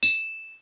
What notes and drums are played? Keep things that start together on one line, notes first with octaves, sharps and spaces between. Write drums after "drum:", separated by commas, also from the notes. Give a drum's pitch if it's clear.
E7, drum: tambourine